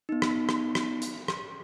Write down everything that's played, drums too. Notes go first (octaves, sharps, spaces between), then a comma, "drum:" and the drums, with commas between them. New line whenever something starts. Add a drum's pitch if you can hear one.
B3 D#4
drum: rim click
drum: rim click
drum: rim click
drum: hi-hat
drum: rim click